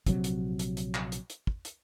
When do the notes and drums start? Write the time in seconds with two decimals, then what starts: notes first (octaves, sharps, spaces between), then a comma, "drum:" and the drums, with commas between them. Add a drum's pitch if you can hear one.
0.07 A#1 C3 F#3, drum: kick, hi-hat
0.24 drum: hi-hat
0.59 drum: hi-hat
0.77 drum: hi-hat
0.95 drum: clap
1.12 drum: hi-hat
1.30 drum: hi-hat
1.47 drum: kick
1.65 drum: hi-hat